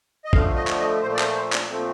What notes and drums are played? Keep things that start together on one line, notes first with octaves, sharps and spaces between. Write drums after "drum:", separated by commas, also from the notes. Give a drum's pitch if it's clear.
D#5
D3 F3 A3 F5, drum: kick
D#5
drum: clap
D#5
A#2 F3 A3 C5
D5
C5, drum: clap
C5
D4, drum: clap
A#2 F3 A3 C4